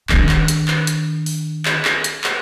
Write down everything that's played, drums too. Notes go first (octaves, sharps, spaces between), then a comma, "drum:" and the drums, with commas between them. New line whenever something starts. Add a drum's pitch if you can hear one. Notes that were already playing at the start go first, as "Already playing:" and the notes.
D#3 D4, drum: clap
drum: clap
drum: hi-hat
drum: clap
drum: hi-hat
drum: open hi-hat
drum: clap
drum: clap
drum: hi-hat
drum: clap